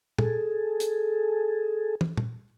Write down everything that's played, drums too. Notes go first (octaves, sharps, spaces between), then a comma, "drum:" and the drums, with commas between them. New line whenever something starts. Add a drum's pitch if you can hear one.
G#4 A4, drum: tom
drum: hi-hat
drum: tom
drum: tom